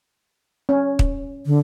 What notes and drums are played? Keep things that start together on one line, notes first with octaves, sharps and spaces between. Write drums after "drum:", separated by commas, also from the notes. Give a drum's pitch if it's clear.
C#4
drum: kick
D3